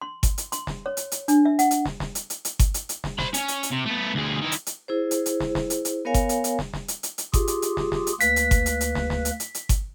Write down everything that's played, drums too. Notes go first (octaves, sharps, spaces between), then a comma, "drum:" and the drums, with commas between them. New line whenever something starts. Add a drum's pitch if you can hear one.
C6
drum: kick G1, hi-hat
drum: hi-hat
C6, drum: hi-hat
drum: snare
C#5
drum: hi-hat
drum: hi-hat
D4, drum: hi-hat
E5
F#5, drum: hi-hat
drum: hi-hat
drum: snare
drum: snare
drum: hi-hat
drum: hi-hat
drum: hi-hat
drum: kick G1, hi-hat
drum: hi-hat
drum: hi-hat
drum: snare
C5 B5, drum: snare
C#4, drum: hi-hat
drum: hi-hat
drum: hi-hat
C3
A3 B3
D2 G#4
D#3 E4
drum: hi-hat
drum: hi-hat
E4 G#4 C5
drum: hi-hat
drum: hi-hat
drum: snare
drum: snare
drum: hi-hat
drum: hi-hat
B3 A#4 C#5 F5 G#5
drum: kick G1, hi-hat
drum: hi-hat
drum: hi-hat
drum: snare
drum: snare
drum: hi-hat
drum: hi-hat
drum: hi-hat
F4 G4 G#4, drum: kick G1, hi-hat
drum: hi-hat
drum: hi-hat
drum: snare
drum: snare
drum: hi-hat
D2 A#3 B4 B6, drum: hi-hat
drum: hi-hat
drum: kick G1, hi-hat
drum: hi-hat
drum: hi-hat
drum: snare
drum: snare
drum: hi-hat
drum: hi-hat
drum: hi-hat
drum: kick G1, hi-hat